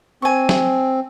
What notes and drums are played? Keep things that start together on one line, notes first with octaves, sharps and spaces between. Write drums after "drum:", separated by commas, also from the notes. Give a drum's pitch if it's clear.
C4 G#5 C#6
drum: snare